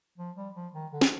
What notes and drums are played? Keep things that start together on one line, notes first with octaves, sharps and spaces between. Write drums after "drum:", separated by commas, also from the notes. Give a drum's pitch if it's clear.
F3
G3
F3
D#3
D3
drum: snare